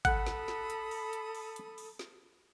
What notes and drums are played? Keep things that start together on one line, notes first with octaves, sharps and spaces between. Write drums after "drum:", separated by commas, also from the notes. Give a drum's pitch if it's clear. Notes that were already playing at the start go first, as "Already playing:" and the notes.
A4 F#5 B5 D#6, drum: kick G#1, hi-hat
drum: snare
drum: snare
drum: hi-hat
drum: open hi-hat
drum: hi-hat
drum: open hi-hat
drum: hi-hat
drum: open hi-hat
drum: snare